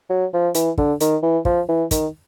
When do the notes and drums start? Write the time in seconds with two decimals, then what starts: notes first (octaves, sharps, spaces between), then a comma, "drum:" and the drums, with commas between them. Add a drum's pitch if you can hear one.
0.10 F#3
0.33 F3
0.55 E3, drum: hi-hat
0.78 D3, drum: kick
1.01 D#3, drum: hi-hat
1.22 E3
1.45 F3, drum: kick
1.69 E3
1.91 D#3, drum: kick, hi-hat